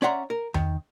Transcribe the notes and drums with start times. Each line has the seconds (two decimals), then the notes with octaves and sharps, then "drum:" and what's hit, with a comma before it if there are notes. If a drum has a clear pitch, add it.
0.02 C#4 D5 E5 F#5 A#5 C6
0.30 A#4
0.54 D#3, drum: tom E2